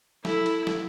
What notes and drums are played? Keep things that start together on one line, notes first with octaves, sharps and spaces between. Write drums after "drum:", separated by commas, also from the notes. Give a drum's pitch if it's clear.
E4 A4, drum: snare
drum: cymbal
drum: snare